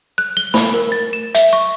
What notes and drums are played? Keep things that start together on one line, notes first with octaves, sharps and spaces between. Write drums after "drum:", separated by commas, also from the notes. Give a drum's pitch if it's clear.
F#6
G7
B5, drum: snare
A#4
A6
E7
E5, drum: hi-hat
C#6